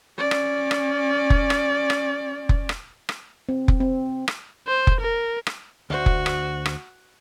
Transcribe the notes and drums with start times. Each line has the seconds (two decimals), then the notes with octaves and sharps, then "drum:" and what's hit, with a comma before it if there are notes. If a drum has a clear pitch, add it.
0.18 C#4 D5
0.31 drum: rim click
0.71 drum: rim click
1.30 drum: kick F1
1.50 drum: rim click
1.90 drum: rim click
2.49 drum: kick F1
2.69 drum: rim click
3.09 drum: rim click
3.49 C4
3.68 drum: kick F1
3.80 C4
4.28 drum: rim click
4.67 C5
4.87 drum: kick F1
5.00 A#4
5.47 drum: rim click
5.90 D2 F#4 C5
6.06 drum: kick F1
6.26 drum: rim click
6.66 drum: rim click